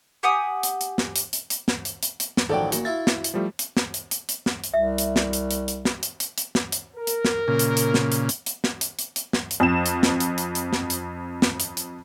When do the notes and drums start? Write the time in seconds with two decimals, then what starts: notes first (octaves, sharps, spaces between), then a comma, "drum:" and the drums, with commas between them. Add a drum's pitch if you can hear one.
0.23 G4 F#5 G#5 D#6
0.63 drum: hi-hat
0.81 drum: hi-hat
0.98 drum: snare
1.16 drum: hi-hat
1.33 drum: hi-hat
1.50 drum: hi-hat
1.68 drum: snare
1.85 drum: hi-hat
2.03 drum: hi-hat
2.20 drum: hi-hat
2.37 drum: snare
2.49 A1 D#3 F3 F#3 A4 D5 G5
2.72 A#2 F#4, drum: hi-hat
2.85 E4 F4 E5 A6
3.07 drum: snare
3.24 drum: hi-hat
3.34 F3 G3 A3
3.59 drum: hi-hat
3.77 drum: snare
3.94 drum: hi-hat
4.11 drum: hi-hat
4.29 drum: hi-hat
4.46 drum: snare
4.64 drum: hi-hat
4.74 C2 E5
4.98 drum: hi-hat
5.16 drum: snare
5.33 drum: hi-hat
5.51 drum: hi-hat
5.68 drum: hi-hat
5.85 drum: snare
6.03 drum: hi-hat
6.20 drum: hi-hat
6.38 drum: hi-hat
6.55 drum: snare
6.72 drum: hi-hat
6.97 A#4
7.07 drum: hi-hat
7.25 drum: snare
7.48 A#2 C#3
7.59 drum: hi-hat
7.77 drum: hi-hat
7.94 drum: snare
8.12 drum: hi-hat
8.29 drum: hi-hat
8.46 drum: hi-hat
8.64 drum: snare
8.81 drum: hi-hat
8.99 drum: hi-hat
9.16 drum: hi-hat
9.33 drum: snare
9.51 drum: hi-hat
9.60 F2 E7
9.86 drum: hi-hat
10.03 drum: snare
10.20 drum: hi-hat
10.38 drum: hi-hat
10.55 drum: hi-hat
10.73 drum: snare
10.90 drum: hi-hat
11.42 drum: snare
11.60 drum: hi-hat
11.77 drum: hi-hat